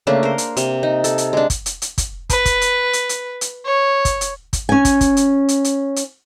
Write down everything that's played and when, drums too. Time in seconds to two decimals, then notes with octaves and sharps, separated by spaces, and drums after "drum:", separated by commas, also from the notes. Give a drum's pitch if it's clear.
0.07 C#3 A3 A#3 D4
0.23 A#4 C5
0.38 drum: hi-hat
0.57 C3, drum: hi-hat
0.83 D#4
1.04 A4, drum: hi-hat
1.18 drum: hi-hat
1.33 G#3 D4
1.50 drum: kick, hi-hat
1.66 drum: hi-hat
1.82 drum: hi-hat
1.98 drum: kick, hi-hat
2.30 B4, drum: kick, hi-hat
2.45 drum: kick, hi-hat
2.61 drum: hi-hat
2.93 drum: hi-hat
3.09 drum: hi-hat
3.41 drum: hi-hat
3.65 C#5
4.05 drum: kick, hi-hat
4.21 drum: hi-hat
4.53 drum: kick, hi-hat
4.69 C#4 G#5
4.85 drum: kick, hi-hat
5.01 drum: kick, hi-hat
5.17 drum: hi-hat
5.49 drum: hi-hat
5.64 drum: hi-hat
5.96 drum: hi-hat